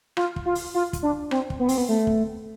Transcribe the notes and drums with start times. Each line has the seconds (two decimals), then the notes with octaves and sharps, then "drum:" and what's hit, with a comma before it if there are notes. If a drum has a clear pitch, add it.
0.17 F4, drum: rim click
0.36 drum: kick
0.46 F4
0.55 drum: open hi-hat
0.74 F4
0.93 drum: kick, hi-hat
1.03 D4
1.31 C4, drum: rim click
1.50 drum: kick
1.59 B3
1.69 C4, drum: open hi-hat
1.78 B3
1.88 A3
2.07 drum: kick